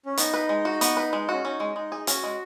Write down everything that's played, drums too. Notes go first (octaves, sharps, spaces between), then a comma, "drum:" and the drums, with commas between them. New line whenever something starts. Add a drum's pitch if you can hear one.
C#4
B3 D#4, drum: hi-hat
B4
G#3
F#4
B3, drum: hi-hat
B4
G#3
C#4 F#4
C#4 D#4
G#3
G#3 D#4
G#4
C#4 F#4, drum: hi-hat
G#3